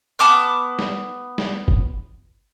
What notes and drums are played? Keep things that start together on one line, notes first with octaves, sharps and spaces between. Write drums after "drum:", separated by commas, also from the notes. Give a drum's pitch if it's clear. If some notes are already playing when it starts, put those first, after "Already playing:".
B3 A5 D6 F6
drum: snare
drum: snare
drum: kick